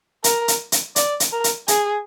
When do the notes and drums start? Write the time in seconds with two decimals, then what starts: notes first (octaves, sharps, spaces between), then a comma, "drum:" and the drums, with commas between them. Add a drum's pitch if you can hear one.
0.24 A#4, drum: hi-hat
0.48 drum: hi-hat
0.72 drum: hi-hat
0.96 D5, drum: hi-hat
1.20 drum: hi-hat
1.32 A#4
1.44 drum: hi-hat
1.68 G#4, drum: hi-hat